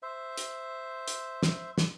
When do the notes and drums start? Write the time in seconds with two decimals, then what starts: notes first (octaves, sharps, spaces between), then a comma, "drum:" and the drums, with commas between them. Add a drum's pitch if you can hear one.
0.02 C5 E5
0.38 drum: hi-hat
1.08 drum: hi-hat
1.43 drum: snare
1.78 drum: snare